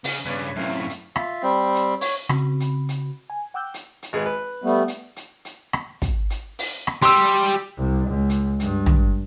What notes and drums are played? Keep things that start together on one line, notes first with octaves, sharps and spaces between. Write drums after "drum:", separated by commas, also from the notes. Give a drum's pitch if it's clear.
C#3, drum: open hi-hat
G2 C#3 B4 C#5 D5
F#2 A2 A3 C4 F4
B5
drum: hi-hat
F4 E5, drum: rim click
G3 C4
drum: hi-hat
C#5, drum: open hi-hat
C#3 C4 F#4 B5, drum: rim click
drum: hi-hat
drum: hi-hat
G#5
F#5 G5 D6 E6 F#6 G6
drum: hi-hat
drum: hi-hat
G#1 G#4 B4
B4
G3 A3 B3
drum: hi-hat
drum: hi-hat
drum: hi-hat
drum: rim click
drum: kick, hi-hat
drum: hi-hat
drum: open hi-hat
drum: rim click
G3 C6 E6
drum: hi-hat
drum: hi-hat
C2
C#2
drum: hi-hat
G2, drum: hi-hat
drum: tom